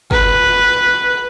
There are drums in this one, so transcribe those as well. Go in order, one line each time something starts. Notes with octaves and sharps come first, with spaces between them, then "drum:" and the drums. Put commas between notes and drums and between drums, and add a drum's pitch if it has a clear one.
B4, drum: kick